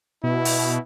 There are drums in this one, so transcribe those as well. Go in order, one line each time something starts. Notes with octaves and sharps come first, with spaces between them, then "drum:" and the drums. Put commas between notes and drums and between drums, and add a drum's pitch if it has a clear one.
B2 E4
drum: open hi-hat